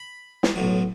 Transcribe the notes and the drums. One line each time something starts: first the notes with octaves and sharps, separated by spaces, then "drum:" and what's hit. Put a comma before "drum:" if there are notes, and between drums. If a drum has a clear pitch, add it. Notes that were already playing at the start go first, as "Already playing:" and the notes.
Already playing: B5
drum: snare
B1 A2 F#3